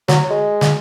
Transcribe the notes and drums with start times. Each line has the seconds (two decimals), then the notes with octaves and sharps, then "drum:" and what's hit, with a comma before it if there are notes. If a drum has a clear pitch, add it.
0.08 F#3, drum: snare
0.30 G#3
0.61 drum: snare